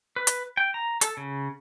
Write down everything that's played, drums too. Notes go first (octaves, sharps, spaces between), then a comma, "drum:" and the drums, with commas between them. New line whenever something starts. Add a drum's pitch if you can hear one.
B4
drum: hi-hat
G5
A#5
A4, drum: hi-hat
C#3